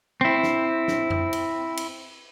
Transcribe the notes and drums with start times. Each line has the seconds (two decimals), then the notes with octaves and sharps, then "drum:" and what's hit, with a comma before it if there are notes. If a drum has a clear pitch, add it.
0.21 C4 E4
0.43 drum: snare
0.88 drum: snare
1.10 drum: tom F2
1.33 drum: cymbal
1.77 drum: cymbal